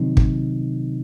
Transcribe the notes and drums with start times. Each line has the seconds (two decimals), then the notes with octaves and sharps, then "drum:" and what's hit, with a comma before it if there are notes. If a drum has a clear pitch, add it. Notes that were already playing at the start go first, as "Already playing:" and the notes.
Already playing: C3 D#3 F#3 C4 D#4
0.17 C3, drum: kick